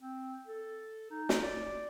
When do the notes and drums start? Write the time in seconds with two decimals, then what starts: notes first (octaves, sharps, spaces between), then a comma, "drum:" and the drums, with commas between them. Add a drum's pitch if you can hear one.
0.01 C4
0.47 A4
1.11 D#4
1.29 drum: snare
1.42 D5